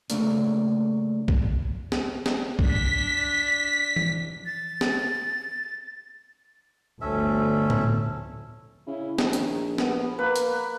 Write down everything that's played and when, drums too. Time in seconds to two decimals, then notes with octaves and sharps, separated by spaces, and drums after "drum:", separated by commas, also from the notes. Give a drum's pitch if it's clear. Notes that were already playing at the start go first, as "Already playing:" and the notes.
0.10 C#3 F#3 A3 A#3 D4, drum: hi-hat
1.28 drum: kick A#1
1.92 drum: snare
2.26 drum: snare
2.59 D4 B6, drum: kick A#1
3.96 drum: tom E3
4.46 A6
4.81 drum: snare
7.01 G1 D2 C#4 A4 E5
7.70 drum: tom A2
8.87 C#3 E4
9.19 A#1 D#3, drum: snare
9.33 drum: hi-hat
9.78 B3, drum: snare
10.19 A#3 B4
10.36 drum: hi-hat